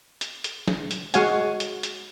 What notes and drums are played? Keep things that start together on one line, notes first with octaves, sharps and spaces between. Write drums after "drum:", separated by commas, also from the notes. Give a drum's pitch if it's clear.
drum: hi-hat
drum: hi-hat
drum: snare
drum: hi-hat
G#3 F#4 C#5 F5 F#5 G#5, drum: hi-hat
drum: hi-hat
drum: hi-hat